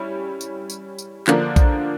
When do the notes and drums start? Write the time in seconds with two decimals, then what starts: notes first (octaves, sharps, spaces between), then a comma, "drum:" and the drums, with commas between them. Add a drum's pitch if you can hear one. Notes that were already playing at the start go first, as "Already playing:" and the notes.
Already playing: G3 C#4 E4
0.41 drum: tambourine
0.70 drum: tambourine
0.98 drum: tambourine
1.27 D3 F3 A#3 D4, drum: clap
1.56 drum: kick A#1, tambourine